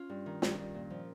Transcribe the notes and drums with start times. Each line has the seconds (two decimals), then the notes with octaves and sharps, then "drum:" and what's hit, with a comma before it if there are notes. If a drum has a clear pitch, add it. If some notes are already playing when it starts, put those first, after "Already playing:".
Already playing: C#4 F4
0.09 G2
0.26 D#3
0.42 G2, drum: snare
0.58 G2
0.74 A#2
0.90 F3